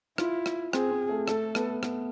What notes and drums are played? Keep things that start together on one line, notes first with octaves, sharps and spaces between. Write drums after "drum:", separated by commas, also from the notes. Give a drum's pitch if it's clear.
E4 F4, drum: rim click
drum: rim click
C4 G#4, drum: rim click
C4
A3
A3 A4, drum: rim click
B3, drum: rim click
B3, drum: rim click